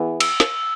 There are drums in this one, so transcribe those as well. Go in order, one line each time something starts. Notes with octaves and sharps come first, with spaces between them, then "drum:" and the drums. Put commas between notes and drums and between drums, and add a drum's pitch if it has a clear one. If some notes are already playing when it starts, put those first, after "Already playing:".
Already playing: E3 B3 E4 G#4
E6, drum: cymbal
drum: snare